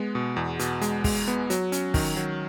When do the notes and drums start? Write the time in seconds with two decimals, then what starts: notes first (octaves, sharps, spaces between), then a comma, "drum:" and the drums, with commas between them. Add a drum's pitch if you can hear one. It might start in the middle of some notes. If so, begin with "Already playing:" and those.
Already playing: G#3 B3
0.15 B2
0.36 E2
0.59 B2, drum: hi-hat
0.81 G#3, drum: hi-hat
1.04 G#3, drum: kick, open hi-hat
1.28 B3
1.50 F#3, drum: hi-hat
1.72 C#4, drum: hi-hat
1.94 D#3, drum: kick, open hi-hat
2.16 F#3